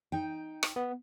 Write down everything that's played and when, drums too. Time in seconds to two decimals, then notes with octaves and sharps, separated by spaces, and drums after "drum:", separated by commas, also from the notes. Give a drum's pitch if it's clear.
0.12 D#4 G5
0.63 drum: rim click
0.76 B3